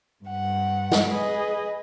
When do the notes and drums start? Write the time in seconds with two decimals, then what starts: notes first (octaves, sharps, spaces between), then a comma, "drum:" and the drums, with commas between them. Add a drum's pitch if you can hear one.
0.25 G2 F#5
0.92 drum: snare G#3
1.09 G#4 B4 D#5